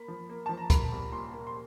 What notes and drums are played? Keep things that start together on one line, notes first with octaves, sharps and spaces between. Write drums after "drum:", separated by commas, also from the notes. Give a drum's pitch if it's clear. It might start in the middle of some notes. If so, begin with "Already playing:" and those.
Already playing: A#3 B5
F3
A#3
F3 A5
A#5
A#3 B5, drum: kick, hi-hat
C2
A#2 C6
A#3
C6